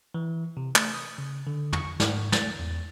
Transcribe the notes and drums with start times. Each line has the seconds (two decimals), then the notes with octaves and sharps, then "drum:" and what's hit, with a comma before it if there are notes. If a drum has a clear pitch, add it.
0.14 E3
0.57 C3
0.76 A3, drum: clap
0.94 D#6
1.18 C#3
1.47 D3
1.73 C#6, drum: tom
2.00 G#2, drum: snare
2.32 A6, drum: snare
2.59 E2